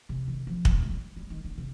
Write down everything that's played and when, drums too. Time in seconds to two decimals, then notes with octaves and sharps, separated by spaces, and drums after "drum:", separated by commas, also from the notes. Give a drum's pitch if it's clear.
0.09 C3
0.28 D#3
0.47 F3
0.65 drum: kick
0.74 G3
0.83 G#3
0.90 G3
1.16 G3
1.30 D#3
1.45 D3
1.58 C3